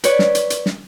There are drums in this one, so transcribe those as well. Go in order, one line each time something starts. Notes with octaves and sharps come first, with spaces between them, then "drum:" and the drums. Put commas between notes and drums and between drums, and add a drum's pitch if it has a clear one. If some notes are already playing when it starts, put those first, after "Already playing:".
B4 C#5 D5, drum: hi-hat
drum: snare
drum: hi-hat
drum: hi-hat
drum: snare